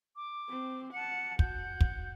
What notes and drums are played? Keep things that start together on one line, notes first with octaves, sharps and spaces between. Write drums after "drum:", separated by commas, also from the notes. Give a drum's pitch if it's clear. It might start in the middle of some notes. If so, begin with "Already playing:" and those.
D6
C4
F#5 A5 C#7
F#4 F#5 G6, drum: kick
drum: kick